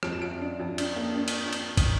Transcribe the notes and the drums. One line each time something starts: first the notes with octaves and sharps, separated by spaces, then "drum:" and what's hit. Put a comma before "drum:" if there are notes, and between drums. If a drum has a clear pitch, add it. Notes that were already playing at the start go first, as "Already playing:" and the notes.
F2 D7, drum: rim click
E7
F2 D7
D4
F2
D4, drum: cymbal
A#3
D4
drum: cymbal
drum: cymbal
drum: kick, cymbal